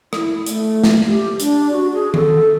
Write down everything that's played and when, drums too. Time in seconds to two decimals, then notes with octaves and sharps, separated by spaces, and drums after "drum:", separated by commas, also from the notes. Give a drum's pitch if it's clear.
0.13 E4, drum: rim click
0.46 A3, drum: hi-hat
0.84 drum: snare
1.07 G4
1.40 D4, drum: hi-hat
1.72 F#4
1.94 G#4
2.14 A4, drum: tom D#3